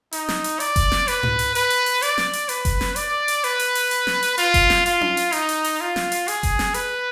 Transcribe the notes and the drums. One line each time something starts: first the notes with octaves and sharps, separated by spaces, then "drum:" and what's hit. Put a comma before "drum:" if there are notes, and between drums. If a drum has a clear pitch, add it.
D#4, drum: hi-hat
drum: snare
drum: hi-hat
D5, drum: hi-hat
drum: kick F#1, hi-hat
drum: snare
B4, drum: hi-hat
drum: tom G#2
drum: hi-hat
B4, drum: hi-hat
drum: hi-hat
drum: open hi-hat
D5, drum: hi-hat
drum: snare
drum: hi-hat
B4, drum: hi-hat
drum: kick F#1, hi-hat
drum: snare
D5, drum: hi-hat
drum: hi-hat
B4, drum: hi-hat
drum: hi-hat
drum: open hi-hat
drum: hi-hat
drum: snare
drum: hi-hat
F4, drum: hi-hat
drum: kick F#1, hi-hat
drum: snare
F4, drum: hi-hat
drum: tom C#4
drum: hi-hat
D#4, drum: hi-hat
drum: hi-hat
drum: open hi-hat
F4
drum: snare
drum: hi-hat
G#4, drum: hi-hat
drum: kick F#1, hi-hat
drum: snare
B4, drum: hi-hat